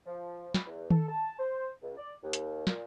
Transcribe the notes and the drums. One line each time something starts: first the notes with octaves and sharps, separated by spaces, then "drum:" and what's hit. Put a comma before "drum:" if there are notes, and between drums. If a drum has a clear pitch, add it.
F3
B5, drum: snare
E2
A4, drum: tom D#3
A5
C5
C#2
D5
D#2
drum: hi-hat
A#2, drum: snare